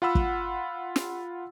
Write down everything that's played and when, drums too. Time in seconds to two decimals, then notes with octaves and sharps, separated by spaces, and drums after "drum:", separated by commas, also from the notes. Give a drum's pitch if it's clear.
0.02 F4 F#5 B5 E6
0.15 drum: kick
0.96 drum: snare